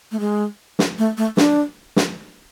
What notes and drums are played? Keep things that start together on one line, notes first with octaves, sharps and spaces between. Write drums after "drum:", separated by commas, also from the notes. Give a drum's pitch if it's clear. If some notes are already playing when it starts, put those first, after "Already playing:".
A3
G#3
drum: snare
A3
A3
D4, drum: snare
drum: snare